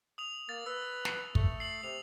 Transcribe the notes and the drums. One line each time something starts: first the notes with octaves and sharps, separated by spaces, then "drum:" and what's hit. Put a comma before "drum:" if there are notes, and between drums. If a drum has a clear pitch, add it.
D#6 F7
A#3 A6
B4 E6
drum: snare
A3, drum: kick
C7 F#7
C3 F7